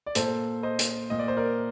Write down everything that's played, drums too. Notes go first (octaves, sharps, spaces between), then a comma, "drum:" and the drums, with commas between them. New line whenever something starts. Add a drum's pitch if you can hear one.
D5
A#2 A4 C5, drum: hi-hat
C5 D#5
drum: hi-hat
A#2 D#5
D5
C5
A#4 D5